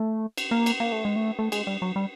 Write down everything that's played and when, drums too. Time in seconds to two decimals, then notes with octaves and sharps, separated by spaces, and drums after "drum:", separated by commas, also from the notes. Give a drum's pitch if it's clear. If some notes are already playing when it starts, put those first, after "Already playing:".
Already playing: A3
0.38 drum: cymbal
0.51 A#3
0.66 drum: cymbal
0.80 A#3
0.92 A3
1.05 G#3
1.16 A3
1.39 A3
1.52 G#3, drum: cymbal
1.67 G3
1.82 F#3
1.96 G3